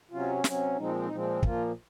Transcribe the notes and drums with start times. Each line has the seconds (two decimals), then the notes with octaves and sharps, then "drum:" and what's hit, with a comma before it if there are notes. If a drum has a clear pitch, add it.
0.11 C3 F#3 C#4 F4
0.44 C3 F#3 C#4, drum: snare
0.76 A#2 F3 G#3 C4 D#4
1.05 D#4
1.10 A#2 F3 G#3 C4
1.43 A#2 F3 A#3 F4, drum: kick